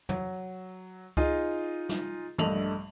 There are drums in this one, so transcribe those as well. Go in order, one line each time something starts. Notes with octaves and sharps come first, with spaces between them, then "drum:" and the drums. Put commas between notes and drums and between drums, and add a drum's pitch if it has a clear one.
F#3, drum: tom
D#4 F4 G#4 D#5, drum: kick C#2
drum: snare
A#1 G2 A3 D#5 F7 F#7, drum: tom